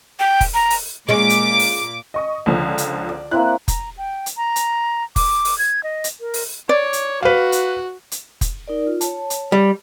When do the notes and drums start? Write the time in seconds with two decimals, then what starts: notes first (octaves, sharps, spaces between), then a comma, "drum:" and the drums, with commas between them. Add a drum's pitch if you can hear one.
0.20 G5
0.41 drum: kick F1, open hi-hat
0.54 A#5
0.70 drum: open hi-hat
1.09 A#2 G#3 C#4 D6
1.30 drum: hi-hat
1.59 drum: open hi-hat
2.14 D#5 C#6 D#6
2.46 C#2 D3 F3
2.78 drum: hi-hat
3.09 D5
3.31 A#3 C4 E4 F#6
3.68 A#5, drum: kick F1, hi-hat
3.97 G5
4.26 drum: hi-hat
4.37 A#5
4.56 drum: hi-hat
5.16 D6, drum: kick F1, open hi-hat
5.45 drum: open hi-hat
5.58 G#6
5.83 D#5
6.04 drum: hi-hat
6.20 A#4
6.34 drum: open hi-hat
6.69 C#5 D5
6.93 drum: hi-hat
7.23 F#4 B4 F5
7.52 drum: hi-hat
8.12 drum: hi-hat
8.41 drum: kick F1, hi-hat
8.68 D#4 A#4 D5
8.87 F4
9.01 C#5 A5, drum: hi-hat
9.30 drum: hi-hat
9.52 G3